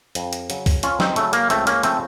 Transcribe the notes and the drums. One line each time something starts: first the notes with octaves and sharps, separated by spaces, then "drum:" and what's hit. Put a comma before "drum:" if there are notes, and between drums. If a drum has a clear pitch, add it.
F2, drum: hi-hat
drum: hi-hat
C#3 F#3, drum: hi-hat
drum: kick, open hi-hat
F2 C#4 F4, drum: hi-hat
C4 D#4, drum: snare
C#3 F#3 A3, drum: hi-hat
A#3, drum: hi-hat
C#2 A3 C4, drum: hi-hat
A#3 C#4, drum: hi-hat
C#3 F3 A3 C4, drum: hi-hat